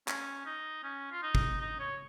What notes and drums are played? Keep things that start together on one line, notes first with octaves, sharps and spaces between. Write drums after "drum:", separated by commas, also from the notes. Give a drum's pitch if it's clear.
C#4, drum: clap
D#4
C#4
F4
D#4
drum: kick
D#4
C#5